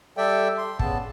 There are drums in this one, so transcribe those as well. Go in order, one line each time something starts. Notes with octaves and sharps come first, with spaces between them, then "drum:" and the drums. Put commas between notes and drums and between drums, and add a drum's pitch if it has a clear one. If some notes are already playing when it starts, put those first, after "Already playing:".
G3 A4 D5 E5 G5
C6
C#3 B3 A5, drum: kick